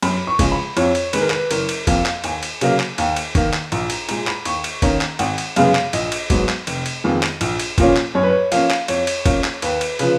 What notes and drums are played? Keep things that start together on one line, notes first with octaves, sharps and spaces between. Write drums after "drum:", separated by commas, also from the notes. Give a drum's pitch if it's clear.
F#2 B5, drum: cymbal
C#6
C#3 F3 G#3, drum: kick, cymbal
B5
F2 C#5, drum: cymbal
drum: cymbal
D#3 G#3 B4, drum: cymbal
A#4
B4, drum: clap
F#1 A#4, drum: cymbal
drum: cymbal
F2 F3 A#3 F5, drum: kick, cymbal
drum: clap
D#2 G#5, drum: cymbal
drum: cymbal
C#3 F#3 A#3, drum: cymbal
drum: clap
D#2, drum: cymbal
drum: cymbal
D#3 A#3, drum: kick, cymbal
drum: clap
A#1 A#5, drum: cymbal
A#5, drum: cymbal
A#2 G#3 A#5, drum: cymbal
B5, drum: clap
D#2 C#6, drum: cymbal
drum: cymbal
D#3 A#3 C#4 A#5, drum: kick, cymbal
drum: clap
G#1 F#5, drum: cymbal
drum: cymbal
F#2 C#3 G#3 B3 F5, drum: cymbal
drum: clap
A#1 D#5, drum: cymbal
drum: cymbal
G#2 F#3 B3, drum: kick, cymbal
drum: clap
F1, drum: cymbal
drum: cymbal
F2 D#3 G#3 B3
drum: clap
A#1, drum: cymbal
drum: cymbal
A#2 F3 A#3 C#4, drum: kick, cymbal
drum: clap
F#2 C#5
B4
C#5
F3 A#3 C#4 F5, drum: cymbal
drum: clap
F2 C#5, drum: cymbal
drum: cymbal
F3 A#3 C#4, drum: kick, cymbal
drum: clap
D#2 B4, drum: cymbal
drum: cymbal
C#3 F3 B4, drum: cymbal